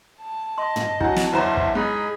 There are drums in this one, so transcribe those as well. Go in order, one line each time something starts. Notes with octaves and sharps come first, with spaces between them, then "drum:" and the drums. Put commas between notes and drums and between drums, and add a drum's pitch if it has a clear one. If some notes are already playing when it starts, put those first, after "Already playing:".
A5
D#5 C6
drum: tom
F#3 D4 E4 F#5, drum: kick
drum: snare
F#1 E2 E4 C5 C#5 E5 A#5
drum: kick
G#2 D#4 G#4 B5